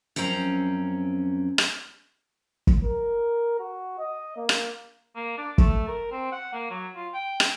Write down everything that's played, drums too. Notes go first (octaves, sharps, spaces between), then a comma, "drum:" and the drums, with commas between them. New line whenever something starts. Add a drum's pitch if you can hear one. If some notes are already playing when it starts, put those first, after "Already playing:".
F#2 F3 C4 C#4 A#5
drum: rim click
drum: kick
A#4
F#4
D#5
A#3
drum: rim click
A#3
D4
A3, drum: kick
A#4
C4
F#5
A#3
F#3
F4
G5
drum: rim click